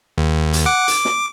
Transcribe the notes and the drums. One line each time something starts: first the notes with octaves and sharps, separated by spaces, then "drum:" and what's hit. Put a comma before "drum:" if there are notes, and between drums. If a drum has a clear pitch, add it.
D#2
drum: hi-hat
F#5 D6
D6, drum: hi-hat
drum: snare